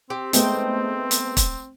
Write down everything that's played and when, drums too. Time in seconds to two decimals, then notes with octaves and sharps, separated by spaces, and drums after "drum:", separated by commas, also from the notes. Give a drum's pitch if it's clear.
0.10 C4 G4
0.33 G#3 A3 B3 D#4 C5 G5, drum: hi-hat
1.11 drum: hi-hat
1.37 drum: kick, hi-hat